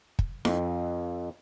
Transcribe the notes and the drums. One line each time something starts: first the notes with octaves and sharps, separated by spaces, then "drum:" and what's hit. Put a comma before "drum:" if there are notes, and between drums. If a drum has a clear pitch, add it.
drum: kick
F2, drum: snare E4